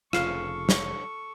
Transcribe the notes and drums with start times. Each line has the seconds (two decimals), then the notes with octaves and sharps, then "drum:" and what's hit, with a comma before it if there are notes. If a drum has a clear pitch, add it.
0.13 F1 C#3 F4 A4 C#6 F6 C7 E7, drum: rim click
0.69 drum: snare